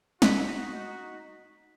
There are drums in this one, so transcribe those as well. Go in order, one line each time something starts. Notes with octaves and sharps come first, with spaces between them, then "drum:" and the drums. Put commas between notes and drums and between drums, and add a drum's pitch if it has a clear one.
D#4 F#4 F#6 B6, drum: snare